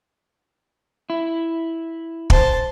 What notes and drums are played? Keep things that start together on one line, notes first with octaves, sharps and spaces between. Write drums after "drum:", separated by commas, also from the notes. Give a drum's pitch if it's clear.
E4
C5 A5, drum: kick